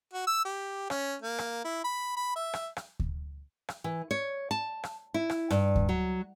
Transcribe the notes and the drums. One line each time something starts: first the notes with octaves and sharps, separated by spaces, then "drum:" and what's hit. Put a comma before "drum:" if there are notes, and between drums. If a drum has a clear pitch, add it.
F#4
E6
G4
C#4, drum: rim click
A#3
drum: rim click
E4
B5
B5
E5
drum: rim click
drum: rim click
drum: kick D2
drum: rim click
E3
C#5
A5
drum: rim click
E4
drum: rim click
G2, drum: rim click
drum: kick D2
F#3